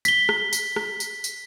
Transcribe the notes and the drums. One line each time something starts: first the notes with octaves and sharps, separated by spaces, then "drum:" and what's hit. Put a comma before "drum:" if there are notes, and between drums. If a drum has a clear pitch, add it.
B6 G7, drum: tambourine
drum: rim click
drum: tambourine
drum: rim click
drum: tambourine
drum: tambourine